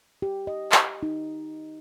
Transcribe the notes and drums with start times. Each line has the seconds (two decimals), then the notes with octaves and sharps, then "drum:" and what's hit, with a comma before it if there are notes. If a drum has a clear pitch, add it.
0.22 G4
0.47 D#5
0.72 drum: clap
1.03 D#4